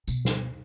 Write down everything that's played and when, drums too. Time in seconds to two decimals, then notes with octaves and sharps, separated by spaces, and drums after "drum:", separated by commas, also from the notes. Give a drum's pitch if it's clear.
0.08 B2, drum: tambourine
0.25 drum: snare